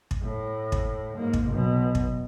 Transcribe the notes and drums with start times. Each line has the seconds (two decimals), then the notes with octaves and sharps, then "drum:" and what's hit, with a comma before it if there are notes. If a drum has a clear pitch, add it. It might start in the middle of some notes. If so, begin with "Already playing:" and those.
0.11 drum: kick
0.23 A2
0.72 drum: kick
1.17 G#2 A#3
1.33 drum: kick
1.49 B1 B2
1.95 drum: kick